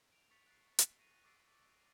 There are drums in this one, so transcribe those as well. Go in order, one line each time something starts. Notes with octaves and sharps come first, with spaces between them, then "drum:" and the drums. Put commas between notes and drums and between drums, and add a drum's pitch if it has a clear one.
D7 F7
C#6 A6 B6 C#7 F7
F#6 A6 C7
F#6, drum: hi-hat
A#6 D#7 F7
C#6 D6 E6 A6 C7 D7